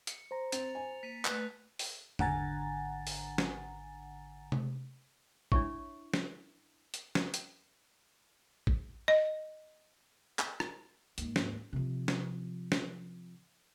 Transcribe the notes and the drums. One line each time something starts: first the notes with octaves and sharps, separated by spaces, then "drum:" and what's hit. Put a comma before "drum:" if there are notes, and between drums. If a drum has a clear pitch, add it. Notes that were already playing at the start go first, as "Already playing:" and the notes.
C#7, drum: hi-hat
C5 A#5
C4 A6 F7, drum: hi-hat
G#5
A#3 B6 D#7 F7
A3 B4 F#6 B6, drum: clap
drum: open hi-hat
G#1 D3 F#5 G#5 A#5 A6, drum: tom E2
drum: open hi-hat
drum: snare
drum: tom C3
D4 E4 C#5 E5 C#6, drum: kick A1
drum: snare
drum: hi-hat
drum: snare
drum: hi-hat
drum: kick A1
D#5
drum: clap
drum: rim click
D#2 G#2, drum: hi-hat
drum: snare
C3 F3
drum: snare
drum: snare